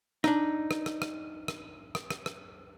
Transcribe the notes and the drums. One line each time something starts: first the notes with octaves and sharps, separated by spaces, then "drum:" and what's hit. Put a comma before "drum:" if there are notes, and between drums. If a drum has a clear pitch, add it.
D4 D#4, drum: rim click
drum: rim click
drum: rim click
drum: rim click
drum: rim click
drum: rim click
drum: rim click
drum: rim click